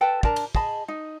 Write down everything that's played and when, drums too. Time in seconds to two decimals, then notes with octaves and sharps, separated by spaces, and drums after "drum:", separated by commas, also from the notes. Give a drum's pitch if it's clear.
0.01 A4 B4 G5 A5
0.23 D4 A#4 A5 A#5, drum: kick
0.36 drum: cymbal
0.55 G#4 D#5 A5 B5, drum: kick
0.88 D#4